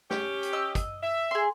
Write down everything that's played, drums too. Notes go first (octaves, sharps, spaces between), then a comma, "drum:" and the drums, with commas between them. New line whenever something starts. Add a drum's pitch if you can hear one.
C#4 G4, drum: snare
drum: hi-hat
D#5 E6
drum: kick, hi-hat
E5
G#4 C6